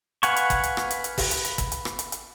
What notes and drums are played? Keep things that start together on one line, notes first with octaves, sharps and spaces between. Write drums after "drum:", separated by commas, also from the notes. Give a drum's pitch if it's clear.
B4 F5 F#5 G#5 C#6, drum: hi-hat
drum: hi-hat
drum: kick G1, hi-hat
drum: hi-hat
drum: rim click
drum: hi-hat
drum: hi-hat
drum: kick G1, open hi-hat
drum: hi-hat
drum: hi-hat
drum: kick G1, hi-hat
drum: hi-hat
drum: rim click
drum: hi-hat
drum: hi-hat